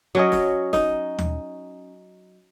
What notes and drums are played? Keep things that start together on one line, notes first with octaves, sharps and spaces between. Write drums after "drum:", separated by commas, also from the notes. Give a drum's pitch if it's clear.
F#3 C#4 D#5
drum: snare
D#4, drum: snare
drum: tom D#2